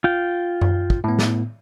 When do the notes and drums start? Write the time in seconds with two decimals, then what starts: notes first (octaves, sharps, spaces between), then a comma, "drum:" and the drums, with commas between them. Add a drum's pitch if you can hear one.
0.04 F4 G5
0.61 drum: tom F#2
0.90 drum: kick
1.04 A2 B3
1.19 drum: snare